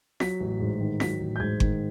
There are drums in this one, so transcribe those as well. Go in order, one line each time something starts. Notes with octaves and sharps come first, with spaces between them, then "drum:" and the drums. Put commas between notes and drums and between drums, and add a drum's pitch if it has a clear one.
F#3 B6, drum: snare F4
A1
G#2
D#3
F#3 B6, drum: snare F4
A1
G6
G#2 G#6
D#3, drum: kick G1